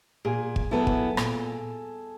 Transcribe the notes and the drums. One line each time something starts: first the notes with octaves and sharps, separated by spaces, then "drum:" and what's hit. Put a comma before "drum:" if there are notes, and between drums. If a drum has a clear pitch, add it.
A#2 G#4 G#5
drum: kick
F#3 B3 E4 A4 A5
drum: kick
A#2, drum: rim click